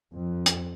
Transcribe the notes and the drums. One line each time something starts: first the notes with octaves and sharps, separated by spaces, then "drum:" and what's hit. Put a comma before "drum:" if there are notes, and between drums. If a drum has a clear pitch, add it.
F2
drum: hi-hat